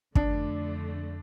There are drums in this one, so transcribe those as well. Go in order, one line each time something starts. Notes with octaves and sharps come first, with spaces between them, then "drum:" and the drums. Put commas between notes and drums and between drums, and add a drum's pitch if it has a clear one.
F2 D3 A3 D4, drum: kick